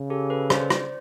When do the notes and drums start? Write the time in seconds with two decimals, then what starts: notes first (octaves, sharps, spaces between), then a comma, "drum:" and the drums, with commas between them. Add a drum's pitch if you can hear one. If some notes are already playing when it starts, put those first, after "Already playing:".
Already playing: C#3
0.10 G4 A4
0.30 A4 B4
0.50 C5 D5, drum: rim click
0.70 drum: rim click